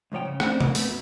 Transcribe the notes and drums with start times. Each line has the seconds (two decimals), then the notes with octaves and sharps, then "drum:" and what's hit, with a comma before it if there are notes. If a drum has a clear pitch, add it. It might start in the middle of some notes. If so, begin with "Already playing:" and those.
0.12 C2 G#2 F3 C#5 G5
0.25 C#3
0.40 A3 C4 D4, drum: rim click
0.60 D3 F3 F#3 A#3 B3, drum: tom
0.75 A3 B3, drum: open hi-hat
0.88 F#2 B2 F#3